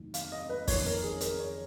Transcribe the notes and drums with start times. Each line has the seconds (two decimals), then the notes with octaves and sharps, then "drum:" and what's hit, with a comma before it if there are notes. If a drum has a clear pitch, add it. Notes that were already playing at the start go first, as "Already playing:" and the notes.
Already playing: F1 D#2 D#3 F#3
0.14 F5, drum: hi-hat
0.32 D#5
0.49 B4
0.68 F2 D#3 A#3 C#5, drum: kick, open hi-hat
0.86 A#4
1.03 G#4
1.21 A#4, drum: hi-hat
1.39 C#5